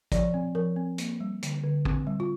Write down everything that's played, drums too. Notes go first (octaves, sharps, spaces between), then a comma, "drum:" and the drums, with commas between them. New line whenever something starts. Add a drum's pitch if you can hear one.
F3 D5, drum: kick, hi-hat
C4
F3 A#4
C4
A#3, drum: hi-hat
G3
D3, drum: hi-hat
D3
C4, drum: kick
G3
F4